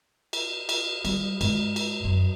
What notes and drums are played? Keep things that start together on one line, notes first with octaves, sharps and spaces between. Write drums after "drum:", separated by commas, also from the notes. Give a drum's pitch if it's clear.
drum: cymbal
drum: cymbal
G3, drum: cymbal
G#2, drum: cymbal
drum: cymbal
F#2